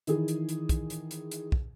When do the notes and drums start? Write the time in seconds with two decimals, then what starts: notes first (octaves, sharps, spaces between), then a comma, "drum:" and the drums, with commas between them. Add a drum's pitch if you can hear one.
0.07 D#3 E3 G#4, drum: hi-hat
0.28 drum: hi-hat
0.49 drum: hi-hat
0.69 drum: kick, hi-hat
0.90 drum: hi-hat
1.11 drum: hi-hat
1.31 drum: hi-hat
1.52 drum: kick